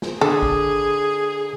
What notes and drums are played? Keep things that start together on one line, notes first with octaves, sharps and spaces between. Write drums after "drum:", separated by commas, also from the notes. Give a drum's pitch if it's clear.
drum: snare
D3 G#4 A4
drum: kick